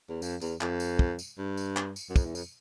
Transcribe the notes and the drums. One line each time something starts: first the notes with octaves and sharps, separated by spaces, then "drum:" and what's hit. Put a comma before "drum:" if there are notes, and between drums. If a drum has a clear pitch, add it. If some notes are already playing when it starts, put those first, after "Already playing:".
E2
F2, drum: tambourine
E2, drum: tambourine
F2, drum: clap
drum: tambourine
drum: kick
drum: tambourine
G2
drum: tambourine
drum: clap
drum: tambourine
F#2
F2, drum: kick, tambourine
E2
F2, drum: tambourine